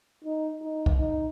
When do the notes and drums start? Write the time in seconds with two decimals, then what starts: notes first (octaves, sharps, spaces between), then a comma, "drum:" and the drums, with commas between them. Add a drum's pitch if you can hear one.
0.24 D#4
0.62 D#4
0.86 drum: kick
0.97 D#4